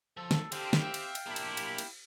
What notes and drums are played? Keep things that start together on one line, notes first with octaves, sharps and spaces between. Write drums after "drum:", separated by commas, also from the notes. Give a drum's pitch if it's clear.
F3 A4
drum: snare
D3 C4 G4 F5 G5, drum: cymbal
drum: snare
E5
drum: cymbal
drum: cymbal
A#3 D4 E4 G4
drum: cymbal
drum: cymbal
drum: cymbal